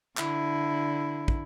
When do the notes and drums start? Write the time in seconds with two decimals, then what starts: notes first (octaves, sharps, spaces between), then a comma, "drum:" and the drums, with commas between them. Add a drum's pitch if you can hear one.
0.17 D3 E4, drum: clap
1.28 drum: kick